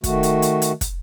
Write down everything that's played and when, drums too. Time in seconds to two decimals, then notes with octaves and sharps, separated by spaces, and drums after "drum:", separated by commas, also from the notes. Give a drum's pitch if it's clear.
0.04 D#3 A3 F#4, drum: kick, hi-hat
0.23 drum: hi-hat
0.42 drum: hi-hat
0.62 drum: hi-hat
0.81 drum: kick, hi-hat